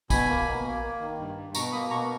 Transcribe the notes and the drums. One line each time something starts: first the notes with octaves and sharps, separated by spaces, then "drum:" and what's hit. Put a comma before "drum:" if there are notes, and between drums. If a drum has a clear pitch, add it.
B2 G#5 B5, drum: kick, tambourine
A#3
B2
A#3
A#3
D#3
G2
G2
B2 A#5 C#6, drum: tambourine
A#3 B5 D#6
B2 A#5 C#6